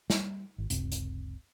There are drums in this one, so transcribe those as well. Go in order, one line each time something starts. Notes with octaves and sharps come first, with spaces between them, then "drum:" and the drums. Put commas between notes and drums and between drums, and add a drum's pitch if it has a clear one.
G3, drum: snare
G#1
F#1 C#2 C3, drum: hi-hat
drum: hi-hat